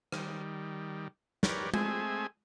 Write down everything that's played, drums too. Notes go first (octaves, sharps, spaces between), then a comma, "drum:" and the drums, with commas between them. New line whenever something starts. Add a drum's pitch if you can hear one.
D#3 G3, drum: rim click
G4 A#4 B4 C#5 D5, drum: snare
G#3 A3 C4 G#4 E5 G#5, drum: tom